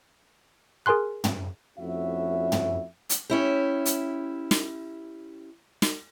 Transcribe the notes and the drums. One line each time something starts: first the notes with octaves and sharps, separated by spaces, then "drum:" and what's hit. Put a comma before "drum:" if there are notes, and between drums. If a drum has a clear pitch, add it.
G#4 A#4 G#5 C6 F#6
drum: tom
F2 A3 C#4 E4 F#4 E5
drum: tom
drum: hi-hat
C#4 E4 G4
drum: hi-hat
drum: snare
drum: snare